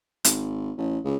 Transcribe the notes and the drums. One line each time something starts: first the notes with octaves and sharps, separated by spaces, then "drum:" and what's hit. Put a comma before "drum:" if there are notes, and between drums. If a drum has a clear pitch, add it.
G#1, drum: hi-hat
A1
C#2